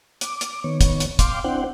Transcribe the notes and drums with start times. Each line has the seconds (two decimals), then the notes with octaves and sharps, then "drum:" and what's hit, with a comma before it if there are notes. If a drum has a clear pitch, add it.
0.21 D6, drum: hi-hat
0.41 drum: hi-hat
0.64 D#3 B3 C#5
0.81 drum: kick, hi-hat
1.00 drum: hi-hat
1.19 F5 G5 C6 D6, drum: kick, hi-hat
1.44 C4 D4 E4 C5 F#5 G5